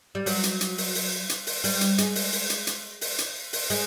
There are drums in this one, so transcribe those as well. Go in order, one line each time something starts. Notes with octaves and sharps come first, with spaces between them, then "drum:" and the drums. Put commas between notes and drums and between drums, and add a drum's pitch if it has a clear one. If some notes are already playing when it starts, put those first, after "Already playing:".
G3
F#3, drum: open hi-hat
drum: hi-hat
drum: hi-hat
drum: open hi-hat
drum: open hi-hat
drum: hi-hat
drum: open hi-hat
G3, drum: open hi-hat
drum: hi-hat
G#3, drum: hi-hat
drum: open hi-hat
drum: open hi-hat
drum: hi-hat
drum: hi-hat
drum: open hi-hat
drum: hi-hat
drum: open hi-hat
G#3, drum: open hi-hat